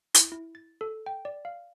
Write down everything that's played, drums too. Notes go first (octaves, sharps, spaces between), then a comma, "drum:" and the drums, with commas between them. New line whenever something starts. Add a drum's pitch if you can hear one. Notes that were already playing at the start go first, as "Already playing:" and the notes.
E4, drum: hi-hat
E4
A6
A4
G5
D5
F5